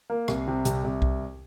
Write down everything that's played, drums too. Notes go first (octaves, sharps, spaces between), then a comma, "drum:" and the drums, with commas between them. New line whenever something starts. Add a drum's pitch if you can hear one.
A#3
C2, drum: rim click
C3
C2, drum: hi-hat
C2
drum: kick B1